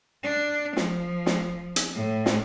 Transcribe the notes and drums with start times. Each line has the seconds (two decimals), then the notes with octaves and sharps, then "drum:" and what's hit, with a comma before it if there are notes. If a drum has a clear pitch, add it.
0.23 D4
0.77 F3, drum: snare
1.26 drum: snare
1.76 drum: hi-hat
1.95 A2
2.26 drum: snare